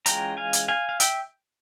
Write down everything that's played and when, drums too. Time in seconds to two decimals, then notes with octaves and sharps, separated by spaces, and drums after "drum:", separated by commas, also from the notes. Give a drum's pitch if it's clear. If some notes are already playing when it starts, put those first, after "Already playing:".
0.06 E3 G#3 C#4 F4 G5 A#5, drum: hi-hat
0.37 F5 G#5
0.53 drum: hi-hat
0.68 F5 G#5
0.89 F5
1.00 E5 G5, drum: hi-hat